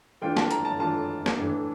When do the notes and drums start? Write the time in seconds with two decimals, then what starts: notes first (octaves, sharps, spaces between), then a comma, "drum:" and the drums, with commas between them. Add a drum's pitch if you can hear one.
0.21 E3 A3 D4 F4 G5
0.37 A5, drum: snare
0.51 A#5, drum: hi-hat
0.65 A5
0.79 E3 A3 D4 F4 A5
1.26 drum: snare
1.37 A2 E3 A3 D4